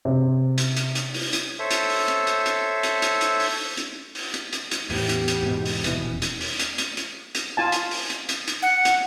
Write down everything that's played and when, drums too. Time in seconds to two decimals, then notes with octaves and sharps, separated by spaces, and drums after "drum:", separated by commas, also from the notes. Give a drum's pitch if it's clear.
0.05 C3
0.58 drum: hi-hat
0.76 drum: hi-hat
0.95 drum: hi-hat
1.14 drum: open hi-hat
1.33 drum: hi-hat
1.59 A4 C5 C#5 E5
1.71 drum: hi-hat
1.89 drum: open hi-hat
2.08 drum: hi-hat
2.27 drum: hi-hat
2.46 drum: hi-hat
2.83 drum: hi-hat
3.02 drum: hi-hat
3.21 drum: hi-hat
3.40 drum: open hi-hat
3.77 drum: hi-hat
4.15 drum: open hi-hat
4.34 drum: hi-hat
4.53 drum: hi-hat
4.71 drum: hi-hat
4.90 E2 A2 B3 G4, drum: open hi-hat
5.09 drum: hi-hat
5.28 drum: hi-hat
5.43 G#2 B2
5.65 drum: open hi-hat
5.84 D#1 B2 E3, drum: hi-hat
6.22 drum: hi-hat
6.41 drum: open hi-hat
6.59 drum: hi-hat
6.78 drum: hi-hat
6.97 drum: hi-hat
7.35 drum: hi-hat
7.57 F4 G#5 A5
7.72 drum: hi-hat
7.91 drum: open hi-hat
8.10 drum: hi-hat
8.29 drum: hi-hat
8.48 drum: hi-hat
8.62 F#5
8.85 drum: hi-hat